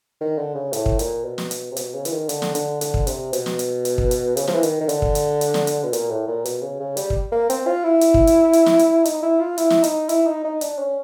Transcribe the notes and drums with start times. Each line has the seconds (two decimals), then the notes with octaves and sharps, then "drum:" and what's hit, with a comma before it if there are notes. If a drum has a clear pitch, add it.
0.21 D#3
0.38 D3
0.55 C#3
0.73 A2, drum: hi-hat
0.86 drum: kick
0.99 A#2, drum: hi-hat
1.25 B2
1.38 drum: snare
1.51 drum: hi-hat
1.72 C3
1.77 B2, drum: hi-hat
1.94 C#3
2.05 E3, drum: hi-hat
2.12 D#3
2.29 D3, drum: hi-hat
2.42 drum: snare
2.55 D3, drum: hi-hat
2.81 D3, drum: hi-hat
2.94 drum: kick
3.07 C3, drum: hi-hat
3.33 B2, drum: hi-hat
3.46 drum: snare
3.59 drum: hi-hat
3.85 drum: hi-hat
3.98 drum: kick
4.11 drum: hi-hat
4.37 C#3, drum: hi-hat
4.48 F3, drum: snare
4.55 E3
4.63 D#3, drum: hi-hat
4.81 D#3
4.89 D3, drum: hi-hat
5.02 drum: kick
5.15 drum: hi-hat
5.41 drum: hi-hat
5.54 drum: snare
5.67 drum: hi-hat
5.84 B2
5.93 A#2, drum: hi-hat
6.10 A2
6.28 A#2
6.45 B2, drum: hi-hat
6.62 C#3
6.80 C#3
6.97 G3, drum: hi-hat
7.10 drum: kick
7.32 A#3
7.50 C4, drum: hi-hat
7.67 F4
7.84 E4
8.01 drum: hi-hat
8.14 drum: kick
8.27 drum: hi-hat
8.53 drum: hi-hat
8.66 drum: snare
8.79 drum: hi-hat
9.05 D#4, drum: hi-hat
9.23 E4
9.40 F4
9.58 E4, drum: hi-hat
9.70 drum: snare
9.84 D#4, drum: hi-hat
10.09 E4, drum: hi-hat
10.27 D#4
10.45 D#4
10.61 D4, drum: hi-hat
10.79 C#4